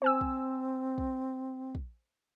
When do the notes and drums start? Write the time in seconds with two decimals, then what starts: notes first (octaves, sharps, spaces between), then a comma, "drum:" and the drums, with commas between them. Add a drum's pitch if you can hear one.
0.02 C4 C5 G#5 E6
0.21 drum: kick
0.98 drum: kick
1.75 drum: kick